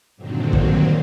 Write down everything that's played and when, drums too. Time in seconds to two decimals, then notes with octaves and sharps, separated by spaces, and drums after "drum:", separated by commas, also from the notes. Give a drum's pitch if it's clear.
0.17 G2 A#2 D3 D#3 F#3 C4
0.53 drum: kick